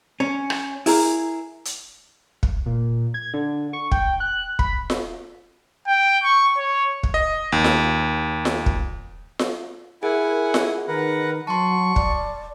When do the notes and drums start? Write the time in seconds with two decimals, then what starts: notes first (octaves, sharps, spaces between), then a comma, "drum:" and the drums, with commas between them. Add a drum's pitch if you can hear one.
0.20 C#4
0.50 drum: rim click
0.86 E4 G#4 A#4, drum: open hi-hat
1.65 drum: hi-hat
2.43 drum: kick
2.66 A#2
3.14 G#6
3.34 D3
3.73 C#6
3.92 G5, drum: kick
4.20 F#6
4.59 B5, drum: kick
4.90 drum: snare F4
5.88 G5
6.24 C#6
6.57 C#5
7.03 drum: kick
7.14 D#5
7.52 D#2
7.64 drum: snare F4
8.45 drum: snare F4
8.66 drum: kick
9.39 drum: snare F4
10.03 E4 G#4 A#4 F#5 G#5
10.54 drum: snare F4
10.88 D#3 A#4 B4 F#5
11.47 F#3 A5 C6 C#6
11.96 D5, drum: kick